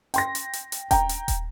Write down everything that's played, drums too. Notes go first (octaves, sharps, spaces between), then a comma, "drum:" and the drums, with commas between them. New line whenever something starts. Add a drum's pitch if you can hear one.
G5 C6 A#6, drum: hi-hat
drum: hi-hat
drum: hi-hat
drum: hi-hat
G5 A#5, drum: kick D#1, hi-hat
drum: hi-hat
drum: kick D#1, hi-hat